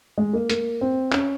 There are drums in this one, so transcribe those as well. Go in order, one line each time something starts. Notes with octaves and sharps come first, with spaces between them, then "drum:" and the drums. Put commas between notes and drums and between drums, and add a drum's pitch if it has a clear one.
G#3
A#3
A#3, drum: hi-hat
C4
C#4, drum: clap